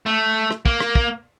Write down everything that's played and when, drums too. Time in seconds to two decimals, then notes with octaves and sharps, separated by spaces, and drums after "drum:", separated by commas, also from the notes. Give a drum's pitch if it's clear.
0.06 A3
0.51 drum: rim click
0.65 A#3, drum: kick
0.80 drum: rim click
0.95 drum: kick